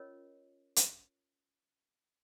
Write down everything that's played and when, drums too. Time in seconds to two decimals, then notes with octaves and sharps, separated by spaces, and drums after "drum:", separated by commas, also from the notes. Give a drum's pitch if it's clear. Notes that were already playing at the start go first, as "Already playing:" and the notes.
Already playing: C#4 F4 A#4 C#5 D#5
0.76 drum: hi-hat